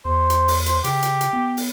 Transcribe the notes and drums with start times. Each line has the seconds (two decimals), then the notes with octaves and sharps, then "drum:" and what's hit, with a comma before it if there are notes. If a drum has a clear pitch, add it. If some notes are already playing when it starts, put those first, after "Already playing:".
0.05 E2 C5
0.30 drum: hi-hat
0.48 drum: open hi-hat
0.66 C5, drum: hi-hat
0.84 C#3 G4, drum: hi-hat
1.02 drum: hi-hat
1.21 drum: hi-hat
1.33 B3
1.57 drum: open hi-hat